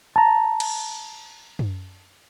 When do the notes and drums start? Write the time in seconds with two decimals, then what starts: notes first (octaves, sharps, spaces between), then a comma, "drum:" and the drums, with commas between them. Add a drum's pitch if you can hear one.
0.16 A5 A#5
0.60 drum: cymbal
1.59 drum: tom F#2